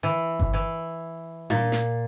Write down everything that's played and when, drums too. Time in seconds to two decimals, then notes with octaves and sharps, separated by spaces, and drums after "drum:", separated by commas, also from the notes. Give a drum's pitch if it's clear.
0.03 E3
0.40 drum: kick G1
0.53 E3
1.50 A#2, drum: tom D4
1.72 drum: snare